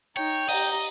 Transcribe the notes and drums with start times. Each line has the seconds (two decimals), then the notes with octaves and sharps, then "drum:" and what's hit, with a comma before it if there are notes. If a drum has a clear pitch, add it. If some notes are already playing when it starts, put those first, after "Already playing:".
0.17 D#4 C#5 G5
0.49 G4 D#5 A#5, drum: open hi-hat